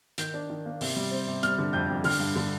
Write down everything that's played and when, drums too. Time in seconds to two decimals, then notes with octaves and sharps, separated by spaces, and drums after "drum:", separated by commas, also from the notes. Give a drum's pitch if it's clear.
0.18 D#3 G6, drum: hi-hat
0.34 D4
0.50 D#3
0.65 A#3
0.81 C3, drum: open hi-hat
0.96 G3
1.11 C4
1.27 C3
1.43 G3 F6, drum: hi-hat
1.58 D3
1.73 F2 G6
1.89 F2
2.04 D3 F6, drum: open hi-hat
2.20 G2
2.36 D3